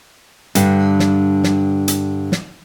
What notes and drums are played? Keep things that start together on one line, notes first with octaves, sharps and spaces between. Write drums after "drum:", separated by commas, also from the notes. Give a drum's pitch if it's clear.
G2 D3, drum: hi-hat
drum: snare
drum: snare
drum: hi-hat
drum: snare